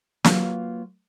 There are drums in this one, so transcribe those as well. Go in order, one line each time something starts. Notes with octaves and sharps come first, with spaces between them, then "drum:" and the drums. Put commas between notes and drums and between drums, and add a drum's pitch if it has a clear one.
F#3 A#3 F4 B4 C#5 F5, drum: snare